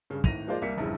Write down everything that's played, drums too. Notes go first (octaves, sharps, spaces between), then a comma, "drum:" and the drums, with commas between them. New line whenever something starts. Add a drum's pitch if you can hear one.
G2 C#3
G#1 A2 A#6 D#7 F7, drum: kick
F3 G#3 A#3 F4 C5 D5
C2 G3 A#3 B6 C#7
E1 A#1 G2 C#3 E3